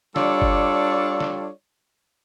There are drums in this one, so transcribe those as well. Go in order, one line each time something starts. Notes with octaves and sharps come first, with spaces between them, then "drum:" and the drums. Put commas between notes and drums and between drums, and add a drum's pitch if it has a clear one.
G3 D4 F4 A4 C#5 D5, drum: snare
drum: kick F#1
drum: snare